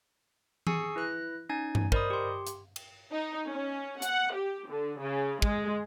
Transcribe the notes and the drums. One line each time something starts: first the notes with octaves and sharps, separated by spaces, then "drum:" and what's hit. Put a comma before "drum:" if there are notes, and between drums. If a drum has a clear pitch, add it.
G#4 G#5 C#6 E6 C7, drum: tom E3
E4 B4 F#6 A#6
C#4 D#4 G#5 G#6
drum: tom G2
A#4 C5 D5 D#5 B5 D#6, drum: kick
G4 C6
drum: hi-hat
drum: cymbal
D#4
C#4
F#5, drum: hi-hat
G4
D3
C#3
G#3, drum: kick